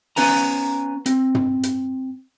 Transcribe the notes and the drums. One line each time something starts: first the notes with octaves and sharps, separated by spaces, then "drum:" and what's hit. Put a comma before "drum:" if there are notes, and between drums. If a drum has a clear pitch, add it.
B3 C#4 B4 G#5 A#5, drum: open hi-hat
C4, drum: hi-hat
drum: tom
drum: hi-hat